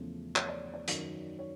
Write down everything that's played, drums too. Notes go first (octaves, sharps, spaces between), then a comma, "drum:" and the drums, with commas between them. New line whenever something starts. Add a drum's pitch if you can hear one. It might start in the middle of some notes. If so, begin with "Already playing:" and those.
Already playing: E2 C#3 F3 A3
C#5, drum: clap
D5
D5
F#2 D#3 F#3, drum: hi-hat
C#5